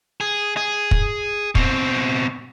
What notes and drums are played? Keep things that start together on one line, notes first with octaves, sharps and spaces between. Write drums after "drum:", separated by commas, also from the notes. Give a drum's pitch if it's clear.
G#4
G#4
drum: kick
B2 C4, drum: kick